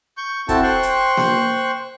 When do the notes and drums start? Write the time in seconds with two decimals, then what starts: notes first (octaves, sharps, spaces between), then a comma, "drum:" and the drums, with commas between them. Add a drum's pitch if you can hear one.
0.17 C#6 G6
0.49 C4 E4 F#4 A4 G5 A5, drum: kick, hi-hat
0.63 C5 G5 C6 C#6 F#6
0.83 drum: hi-hat
1.17 drum: snare A#3